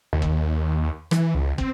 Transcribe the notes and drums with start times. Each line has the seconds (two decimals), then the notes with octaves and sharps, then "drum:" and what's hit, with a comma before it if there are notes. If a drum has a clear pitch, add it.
0.13 D#2
0.22 drum: kick
1.11 E3, drum: rim click
1.35 C#2
1.58 C4, drum: kick